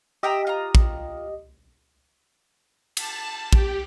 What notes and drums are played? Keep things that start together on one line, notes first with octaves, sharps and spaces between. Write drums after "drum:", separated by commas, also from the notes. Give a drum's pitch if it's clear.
G4 D#5 E5 G5 A#5
F4 A#5
drum: kick
A5, drum: cymbal
G4, drum: kick